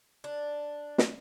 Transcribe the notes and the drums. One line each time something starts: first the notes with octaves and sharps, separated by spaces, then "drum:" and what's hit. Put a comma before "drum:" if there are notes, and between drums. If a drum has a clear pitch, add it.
D4
drum: snare